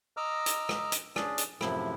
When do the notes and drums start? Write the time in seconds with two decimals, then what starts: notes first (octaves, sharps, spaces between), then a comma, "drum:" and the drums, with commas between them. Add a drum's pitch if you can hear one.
0.17 D#5 A#5 D6 E6 F6
0.46 drum: hi-hat
0.69 drum: rim click
0.92 drum: hi-hat
1.16 C#4 D4 G#4 D5, drum: rim click
1.38 drum: hi-hat
1.61 F#2 A2 C3 F3 E4, drum: rim click